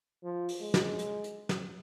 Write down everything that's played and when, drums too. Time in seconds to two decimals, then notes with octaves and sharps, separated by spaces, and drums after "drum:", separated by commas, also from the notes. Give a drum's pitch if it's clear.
0.24 F3
0.49 drum: open hi-hat
0.62 G#3
0.74 drum: snare
0.99 drum: hi-hat
1.24 drum: hi-hat
1.49 drum: snare